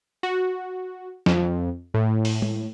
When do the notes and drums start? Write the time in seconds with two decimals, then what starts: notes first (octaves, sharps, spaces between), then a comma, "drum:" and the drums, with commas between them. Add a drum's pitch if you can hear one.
0.23 F#4
1.26 F2, drum: snare
1.94 A2
2.25 drum: open hi-hat
2.42 drum: tom G#3